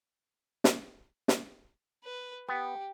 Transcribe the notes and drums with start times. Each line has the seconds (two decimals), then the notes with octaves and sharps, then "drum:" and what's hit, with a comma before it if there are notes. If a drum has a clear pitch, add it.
0.64 drum: snare
1.28 drum: snare
2.04 B4
2.49 B3 G4 G5